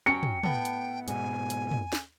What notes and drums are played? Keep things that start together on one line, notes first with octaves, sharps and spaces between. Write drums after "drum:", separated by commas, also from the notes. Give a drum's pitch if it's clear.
F#3 C#4 G5 C#7
drum: tom
A2 B3 G5, drum: tom
drum: hi-hat
G#2 B2 G#5, drum: hi-hat
drum: hi-hat
drum: tom
drum: snare